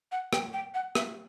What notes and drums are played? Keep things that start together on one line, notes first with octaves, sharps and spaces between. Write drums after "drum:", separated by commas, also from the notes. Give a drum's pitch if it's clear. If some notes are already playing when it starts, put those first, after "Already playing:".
F#5
G5, drum: rim click
G5
F#5
E5, drum: rim click